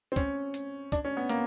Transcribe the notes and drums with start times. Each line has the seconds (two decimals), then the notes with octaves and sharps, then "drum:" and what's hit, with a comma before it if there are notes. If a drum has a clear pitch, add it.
0.12 C4
0.16 C#4, drum: kick C#2, hi-hat
0.54 drum: hi-hat
0.92 D4, drum: kick C#2, hi-hat
1.05 C#4
1.17 B3
1.29 A#3, drum: hi-hat